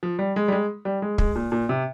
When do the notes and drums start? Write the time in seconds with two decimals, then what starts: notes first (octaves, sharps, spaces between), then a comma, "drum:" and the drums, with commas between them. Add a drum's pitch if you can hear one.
0.03 F3
0.19 G3
0.36 G#3
0.48 G3
0.52 G#3
0.85 G3
1.02 G#3
1.18 G#3, drum: kick
1.35 A#2
1.52 A#2
1.69 C3